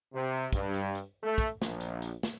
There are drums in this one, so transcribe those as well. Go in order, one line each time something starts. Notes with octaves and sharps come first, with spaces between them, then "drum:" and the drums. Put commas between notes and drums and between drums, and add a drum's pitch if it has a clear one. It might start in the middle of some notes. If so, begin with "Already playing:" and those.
C3
G2, drum: kick, hi-hat
drum: hi-hat
drum: hi-hat
A3
drum: kick, hi-hat
A#1, drum: snare
drum: hi-hat
drum: hi-hat
drum: snare